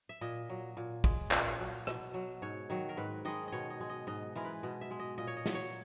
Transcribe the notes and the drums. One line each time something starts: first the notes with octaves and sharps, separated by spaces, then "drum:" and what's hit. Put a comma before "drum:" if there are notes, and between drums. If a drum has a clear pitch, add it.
E5
A#2 D#5
F#3
A#2
G#3, drum: kick
A#2 D#5, drum: clap
F#3
B2, drum: rim click
F#3
G#2 C#5
D#3 F#3
A#4
G#2 B4
D#3 G#3 D#5
B2 C#5 D#5
D#5
G#3
D#5
G#2 D#5
E3 G#3 A#4
B4
B2 D#5
E5
G#3
D#5
A#2 D#5
C#5
D#5
F#3, drum: snare
C#5